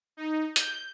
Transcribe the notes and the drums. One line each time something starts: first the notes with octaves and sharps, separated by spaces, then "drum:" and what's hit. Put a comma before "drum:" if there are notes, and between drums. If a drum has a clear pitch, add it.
D#4
G6, drum: hi-hat